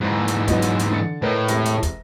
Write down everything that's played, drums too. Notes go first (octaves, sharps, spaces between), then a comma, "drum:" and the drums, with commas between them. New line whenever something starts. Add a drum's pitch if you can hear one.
G#2 E3 G#3 C5
A#3
drum: hi-hat
F#3 B3 D#4, drum: kick, hi-hat
drum: hi-hat
drum: hi-hat
D3 A6 C#7
A2 A#4 B4 D#5
E1 C3 A#6, drum: hi-hat
drum: hi-hat
drum: kick, hi-hat